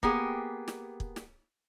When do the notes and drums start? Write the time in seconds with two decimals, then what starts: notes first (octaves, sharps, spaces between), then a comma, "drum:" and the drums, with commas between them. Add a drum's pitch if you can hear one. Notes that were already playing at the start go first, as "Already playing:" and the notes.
0.03 A#3 B3 G4 G#4, drum: kick
0.68 drum: snare
1.00 drum: kick
1.16 drum: snare